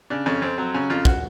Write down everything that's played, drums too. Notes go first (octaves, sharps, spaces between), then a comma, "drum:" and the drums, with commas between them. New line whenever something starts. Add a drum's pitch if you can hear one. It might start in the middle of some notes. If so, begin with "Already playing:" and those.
C#3 D4
F2 C#4
F2 C4
F#3 C4
C#3 C#4
F2 F4
F#4, drum: kick